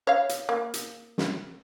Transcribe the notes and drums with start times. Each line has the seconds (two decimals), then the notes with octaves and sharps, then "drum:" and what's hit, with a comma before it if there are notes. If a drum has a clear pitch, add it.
0.07 C#5 F5
0.29 drum: hi-hat
0.49 A#3
0.74 drum: hi-hat
1.18 drum: snare